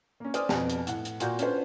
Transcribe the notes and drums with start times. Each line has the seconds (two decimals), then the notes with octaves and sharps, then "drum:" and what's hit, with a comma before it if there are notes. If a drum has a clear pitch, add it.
0.20 A#3 C#4
0.34 C5 D5 G#5 D#6 F6, drum: hi-hat
0.49 F2 B2 G#5 A5, drum: snare
0.70 drum: hi-hat
0.87 A2 F#5, drum: hi-hat
1.05 drum: hi-hat
1.20 A#2 A#3 F4 F#4 F#5 G6, drum: hi-hat
1.39 C#4 D4 F4 B4 C5, drum: hi-hat